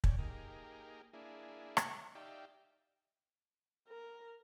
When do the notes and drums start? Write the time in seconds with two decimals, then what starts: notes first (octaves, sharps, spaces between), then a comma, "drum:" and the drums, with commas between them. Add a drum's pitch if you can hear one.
0.04 C#5 D5 G5 G#5, drum: kick
0.18 A#3 D#4 G4 G#4 A#4
1.13 A#3 D4 E4 G#4
1.77 drum: rim click
2.15 D#4 G4 D5 E5 F5 G5
3.88 A#4